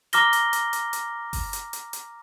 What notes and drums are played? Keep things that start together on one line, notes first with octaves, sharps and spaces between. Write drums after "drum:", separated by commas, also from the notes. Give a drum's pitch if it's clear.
A#5 D6 F6 A#6 G7, drum: hi-hat
drum: hi-hat
drum: hi-hat
drum: hi-hat
drum: hi-hat
drum: kick F#1, open hi-hat
drum: hi-hat
drum: hi-hat
drum: hi-hat